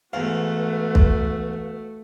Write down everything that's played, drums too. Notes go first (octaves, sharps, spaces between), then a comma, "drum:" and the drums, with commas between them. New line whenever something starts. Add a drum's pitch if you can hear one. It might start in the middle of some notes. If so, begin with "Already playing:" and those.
E2 G#2 A3 F#4 B4 F5
drum: kick